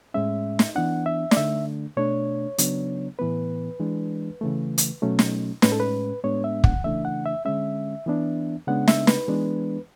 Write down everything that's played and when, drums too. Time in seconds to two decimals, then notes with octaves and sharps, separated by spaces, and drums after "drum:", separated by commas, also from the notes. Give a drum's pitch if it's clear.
0.14 A2 G#3 C#4 E5
0.59 drum: snare
0.75 E3 B3 D4 F#5
1.06 E5
1.31 D5, drum: snare
1.36 D3 A3 D4 E5
1.97 B2 A3 D4 C#5
2.58 C#3 F#3 B3 D4, drum: hi-hat
3.19 A2 E3 B3 B4
3.80 E3 G#3 D4
4.41 C#3 E3 A3
4.78 drum: hi-hat
5.02 B2 F#3 A3 C#4
5.19 drum: snare
5.62 A2 G#3 C#4 B4, drum: snare
5.72 A4
5.80 B4
6.24 A2 G#3 B3 D4 C#5
6.44 E5
6.64 F#5, drum: kick
6.84 C#3 E3 A3 D4 E5
7.05 F#5
7.26 E5
7.45 D3 G#3 C#4 E5
8.06 E3 B3 D4
8.68 C#3 G#3 B3 D4 F#5
8.88 E5, drum: snare
9.07 B4, drum: snare
9.28 E3 G#3 B3 D4